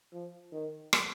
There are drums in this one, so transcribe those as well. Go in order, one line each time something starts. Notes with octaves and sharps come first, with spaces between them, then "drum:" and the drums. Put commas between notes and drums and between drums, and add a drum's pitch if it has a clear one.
F3
D#3
drum: rim click